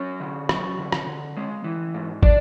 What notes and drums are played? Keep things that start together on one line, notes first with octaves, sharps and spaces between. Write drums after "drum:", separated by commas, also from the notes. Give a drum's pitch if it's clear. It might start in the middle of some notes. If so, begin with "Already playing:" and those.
Already playing: F#3 C#4 C#5
D3
F#3, drum: rim click
D3
drum: rim click
D3
G#3
E3
G#2
D4 D5, drum: kick